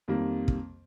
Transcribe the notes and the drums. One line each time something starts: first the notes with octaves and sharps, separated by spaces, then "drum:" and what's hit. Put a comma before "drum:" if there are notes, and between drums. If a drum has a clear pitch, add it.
F2 D#3 G3 A#3
drum: kick